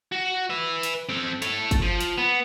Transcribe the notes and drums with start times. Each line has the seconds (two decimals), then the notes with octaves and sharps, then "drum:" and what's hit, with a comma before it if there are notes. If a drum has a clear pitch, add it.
0.12 F#4
0.50 B4 E5
0.83 drum: hi-hat
1.09 C4 A4
1.42 A4 C#5, drum: hi-hat
1.71 drum: kick, hi-hat
1.82 F3
2.01 drum: hi-hat
2.18 B3